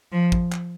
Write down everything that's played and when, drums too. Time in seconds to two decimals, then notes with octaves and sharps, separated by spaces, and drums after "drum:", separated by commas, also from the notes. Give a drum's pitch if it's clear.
0.12 F3
0.32 drum: kick
0.52 drum: clap